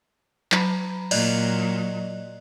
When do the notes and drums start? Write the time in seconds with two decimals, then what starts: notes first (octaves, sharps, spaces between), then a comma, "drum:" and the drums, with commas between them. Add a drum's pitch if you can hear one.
0.52 F#3 A#5 B5, drum: clap
1.11 A#2 F#3 D5 D#5 F#6, drum: cymbal